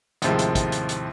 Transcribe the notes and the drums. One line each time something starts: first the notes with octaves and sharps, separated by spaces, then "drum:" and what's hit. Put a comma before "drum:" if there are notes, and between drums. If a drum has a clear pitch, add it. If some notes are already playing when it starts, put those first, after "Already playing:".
D#2 A2 C3 F3 G#3, drum: hi-hat
drum: hi-hat
drum: kick, hi-hat
drum: hi-hat
drum: hi-hat